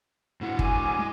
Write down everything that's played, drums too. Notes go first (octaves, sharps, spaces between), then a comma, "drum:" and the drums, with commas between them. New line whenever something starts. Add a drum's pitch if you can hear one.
A2 E4 F#4 F#5
G#4 G#5 D6, drum: kick G1
G#3